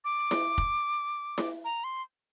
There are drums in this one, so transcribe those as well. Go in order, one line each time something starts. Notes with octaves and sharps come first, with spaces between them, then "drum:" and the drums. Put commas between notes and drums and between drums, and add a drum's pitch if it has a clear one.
D6
drum: snare E4
drum: kick
drum: snare E4
A#5
C6